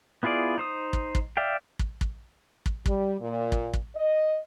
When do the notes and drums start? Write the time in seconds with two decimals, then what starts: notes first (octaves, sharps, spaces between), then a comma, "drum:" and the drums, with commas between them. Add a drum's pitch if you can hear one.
0.23 B3 E4 F4 G#4 D5
0.58 D#4 C5 D#6
0.93 drum: kick
1.15 drum: kick
1.37 D5 E5 F5 G5
1.79 drum: kick
2.01 drum: kick
2.66 drum: kick
2.86 G3, drum: kick
3.20 A#2
3.52 drum: kick
3.73 drum: kick
3.95 D#5